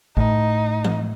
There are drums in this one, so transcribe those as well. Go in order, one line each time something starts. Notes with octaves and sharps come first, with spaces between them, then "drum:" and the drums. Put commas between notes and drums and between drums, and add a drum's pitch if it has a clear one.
A2 D#4, drum: kick
drum: tom E3